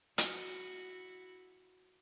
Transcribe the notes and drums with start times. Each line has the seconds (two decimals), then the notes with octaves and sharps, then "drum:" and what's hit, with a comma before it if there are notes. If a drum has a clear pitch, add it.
0.18 E4 F#4, drum: hi-hat